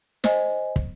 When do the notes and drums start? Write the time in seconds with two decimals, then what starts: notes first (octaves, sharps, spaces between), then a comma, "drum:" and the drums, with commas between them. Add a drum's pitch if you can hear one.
0.24 C5 D#5 G#5, drum: snare
0.76 drum: kick